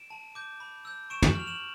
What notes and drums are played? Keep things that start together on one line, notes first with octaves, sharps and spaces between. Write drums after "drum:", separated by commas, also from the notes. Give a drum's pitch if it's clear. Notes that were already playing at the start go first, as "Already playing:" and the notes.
Already playing: D7 E7
A5
D6 G6
B5
E6 G6
C#6 D7 E7
E7 F#7, drum: tom
F6 F7
E7 F#7